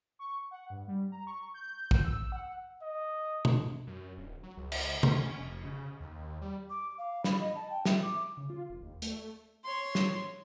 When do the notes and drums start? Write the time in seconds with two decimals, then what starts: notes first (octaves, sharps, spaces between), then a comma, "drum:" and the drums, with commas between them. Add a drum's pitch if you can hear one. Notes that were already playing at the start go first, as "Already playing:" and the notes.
0.19 C#6
0.51 F#5
0.70 G2
0.88 G3
1.12 A#5
1.27 C#6
1.54 G6
1.91 drum: kick
2.05 E6
2.32 F#5
2.83 D#5
3.45 drum: tom
3.87 F#2
4.17 D1
4.43 F#3
4.57 C#2
4.72 drum: cymbal
5.03 B2, drum: tom
5.15 C#4
5.40 F1
5.65 C#3
6.00 D#2
6.41 G3
6.70 D6
6.98 F5
7.24 B5, drum: snare
7.40 D#5
7.56 A5
7.70 G5
7.85 E5, drum: snare
8.02 D6
8.37 C#3
8.50 F4
8.70 F1
8.83 D#2
9.02 A3, drum: hi-hat
9.64 C#5 C6
9.95 drum: snare